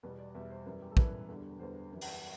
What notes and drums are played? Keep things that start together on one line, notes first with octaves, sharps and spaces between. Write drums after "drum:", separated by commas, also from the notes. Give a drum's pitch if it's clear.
E2 B2 G3 B4
D5
D5
E2 B2 G3 E5
C5
F#2 E3 G3
G4
A4
F#2 E3 G3 B4, drum: kick
E2 D3 G3
E2 D3 G3 C5
F#2 E3 G3
drum: open hi-hat